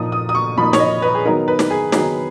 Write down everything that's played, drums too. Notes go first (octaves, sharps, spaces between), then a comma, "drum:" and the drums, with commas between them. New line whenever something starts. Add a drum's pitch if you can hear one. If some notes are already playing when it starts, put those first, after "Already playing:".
Already playing: A#2 F3 A#3 D#4 D#6
D#6
D#6
C#6
A#2 F3 A#3 D#4 B5
C#5, drum: snare
D#5
B4
G#4
D#3 F#3 B3 D#4 A#4
B4
drum: snare
G#4
D#3 F#3 B3 D#4 G#4, drum: snare